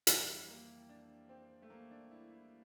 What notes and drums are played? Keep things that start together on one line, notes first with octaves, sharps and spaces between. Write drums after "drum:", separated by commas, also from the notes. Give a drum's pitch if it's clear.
F2 E3 G3, drum: hi-hat
A#3
D4
C4
A3
A#3
D4
E4
E4